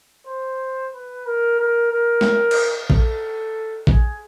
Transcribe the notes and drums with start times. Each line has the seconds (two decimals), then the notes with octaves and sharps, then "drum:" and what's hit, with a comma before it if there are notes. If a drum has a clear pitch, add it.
0.27 C5
0.93 B4
1.26 A#4
1.59 A#4
1.91 A#4
2.21 drum: snare
2.51 drum: cymbal
2.90 A4, drum: kick A1
3.87 G#4, drum: kick A1